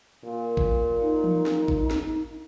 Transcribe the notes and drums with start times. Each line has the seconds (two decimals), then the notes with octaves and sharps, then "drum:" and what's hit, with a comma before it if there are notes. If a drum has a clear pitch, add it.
0.25 A#2
0.57 drum: kick G#1
1.02 D#4
1.24 drum: tom E3
1.46 drum: snare
1.68 drum: kick G#1
1.91 drum: snare